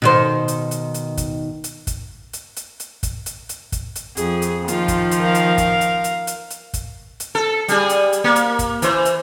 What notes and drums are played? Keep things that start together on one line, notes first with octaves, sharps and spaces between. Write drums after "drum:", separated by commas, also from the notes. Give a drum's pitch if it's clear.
B2 D#3 C5
drum: hi-hat
drum: hi-hat
drum: hi-hat
drum: kick, hi-hat
drum: hi-hat
drum: kick, hi-hat
drum: hi-hat
drum: hi-hat
drum: hi-hat
drum: kick, hi-hat
drum: hi-hat
drum: hi-hat
drum: kick, hi-hat
drum: hi-hat
F2 G#4, drum: hi-hat
drum: hi-hat
D#3 F3 F4, drum: hi-hat
drum: kick, hi-hat
drum: hi-hat
A#4 F5
drum: hi-hat
drum: kick, hi-hat
drum: hi-hat
drum: hi-hat
drum: hi-hat
drum: hi-hat
drum: kick, hi-hat
drum: hi-hat
A4
G3 G#4, drum: hi-hat
drum: hi-hat
drum: hi-hat
A#3
drum: hi-hat
drum: kick, hi-hat
E3 C5, drum: hi-hat
drum: hi-hat